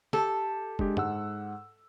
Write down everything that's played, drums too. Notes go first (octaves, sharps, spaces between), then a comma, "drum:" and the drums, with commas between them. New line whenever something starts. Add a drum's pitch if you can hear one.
G4 A4, drum: snare
G#3 D4 G4, drum: kick
G#2 F#5 E6, drum: tom